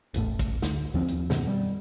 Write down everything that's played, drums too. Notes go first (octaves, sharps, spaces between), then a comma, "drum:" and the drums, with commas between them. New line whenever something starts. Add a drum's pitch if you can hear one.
E1 A1 A2, drum: hi-hat
drum: kick, hi-hat
D2, drum: snare
D#2 F3 C4
drum: hi-hat
F#2 B2 D#3, drum: snare
G3